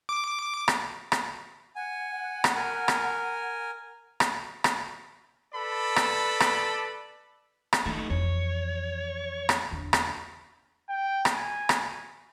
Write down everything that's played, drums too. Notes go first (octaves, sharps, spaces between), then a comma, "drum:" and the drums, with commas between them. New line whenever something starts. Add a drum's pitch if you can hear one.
D6
drum: rim click
drum: rim click
F#5 G#5
drum: rim click
A#4 G#5
drum: rim click
drum: rim click
drum: rim click
A4 B4 D5 A5 B5
drum: rim click
drum: rim click
drum: rim click
D#3 A3 D#4
F2 E3 C#5
drum: rim click
E2 D3
drum: rim click
G5
drum: rim click
G#5
drum: rim click